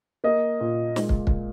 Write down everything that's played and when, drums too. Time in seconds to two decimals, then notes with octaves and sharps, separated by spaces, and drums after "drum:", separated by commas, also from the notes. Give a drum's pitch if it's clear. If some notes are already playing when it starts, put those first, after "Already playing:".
0.24 A#3 D#5
0.61 A#2
0.96 G#3, drum: snare
1.09 drum: kick
1.27 drum: kick